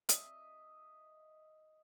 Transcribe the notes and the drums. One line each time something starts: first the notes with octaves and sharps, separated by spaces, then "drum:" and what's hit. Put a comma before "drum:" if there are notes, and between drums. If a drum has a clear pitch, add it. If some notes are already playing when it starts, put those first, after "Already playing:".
D#5 E5, drum: hi-hat